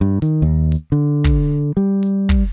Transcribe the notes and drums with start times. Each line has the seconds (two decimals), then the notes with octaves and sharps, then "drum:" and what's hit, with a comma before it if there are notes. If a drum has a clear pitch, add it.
0.01 G2
0.22 D#3, drum: hi-hat
0.42 D#2
0.72 drum: hi-hat
0.92 D3
1.24 drum: kick, hi-hat
1.77 G3
2.03 drum: hi-hat
2.29 drum: kick